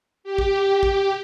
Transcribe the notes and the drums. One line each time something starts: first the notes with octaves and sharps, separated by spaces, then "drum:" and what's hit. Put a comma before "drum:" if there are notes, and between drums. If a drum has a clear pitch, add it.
G4
drum: kick
drum: kick